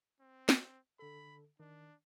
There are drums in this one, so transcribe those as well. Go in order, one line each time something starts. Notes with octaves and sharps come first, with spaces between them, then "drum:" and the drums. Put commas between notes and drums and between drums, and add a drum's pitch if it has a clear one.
C4
drum: snare
D3 A4 B5
D#3 D4